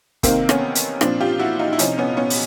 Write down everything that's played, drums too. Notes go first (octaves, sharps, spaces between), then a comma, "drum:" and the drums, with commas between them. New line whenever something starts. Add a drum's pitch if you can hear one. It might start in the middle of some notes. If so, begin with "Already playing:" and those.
C3 D#3 A#3 C4, drum: kick, hi-hat
B3 C#4, drum: rim click
drum: hi-hat
A#2 F3 C4 D4, drum: rim click
F4 G4
E4 F#4
D#4 F4
E4
C3 F3 C#4 D#4, drum: hi-hat
B3 C#4
B3 C#4
drum: open hi-hat